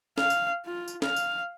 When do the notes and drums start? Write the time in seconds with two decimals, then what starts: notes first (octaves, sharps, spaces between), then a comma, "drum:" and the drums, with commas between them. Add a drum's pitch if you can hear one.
0.18 F5, drum: snare
0.30 drum: tambourine
0.66 F4
0.88 drum: tambourine
1.02 F5, drum: snare
1.16 drum: tambourine